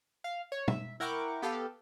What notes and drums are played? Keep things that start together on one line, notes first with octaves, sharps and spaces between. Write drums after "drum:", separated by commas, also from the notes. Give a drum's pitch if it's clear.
F5
C#5
E5, drum: tom
E4 A#4 F#5 G5 C#6 D6
B3 G4 A4 F5